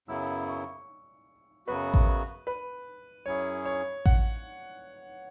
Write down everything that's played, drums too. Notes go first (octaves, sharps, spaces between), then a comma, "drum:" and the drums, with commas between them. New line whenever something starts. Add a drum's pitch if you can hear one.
F#2 C#3 F#3 B3 E4 E6
C#6
F#2 C#3 F#3 B3 F#4 B4
drum: kick A1
B4
F#2 F#3 C#4 E4 G#4 C#5
C#5
F#5, drum: kick A1